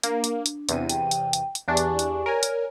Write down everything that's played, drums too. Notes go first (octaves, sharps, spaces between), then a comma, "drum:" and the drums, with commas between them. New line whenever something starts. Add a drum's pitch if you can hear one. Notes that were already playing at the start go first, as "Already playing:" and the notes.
A#3 D4, drum: hi-hat
drum: hi-hat
drum: hi-hat
E2 C3 D#7, drum: hi-hat
G5, drum: hi-hat
drum: hi-hat
drum: hi-hat
drum: hi-hat
E2 D4 G4 G#5 C#6
drum: hi-hat
drum: hi-hat
A#4 C#5 D5 G#5
drum: hi-hat